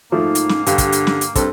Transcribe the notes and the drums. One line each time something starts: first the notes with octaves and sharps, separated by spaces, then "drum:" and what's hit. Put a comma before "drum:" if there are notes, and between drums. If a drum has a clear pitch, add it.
G#2 F3 A3 A#3 D#4
drum: hi-hat
drum: snare
G2 D3 G4 F5, drum: hi-hat
drum: kick, hi-hat
drum: hi-hat
drum: snare
drum: hi-hat
G2 C4 A4, drum: kick, hi-hat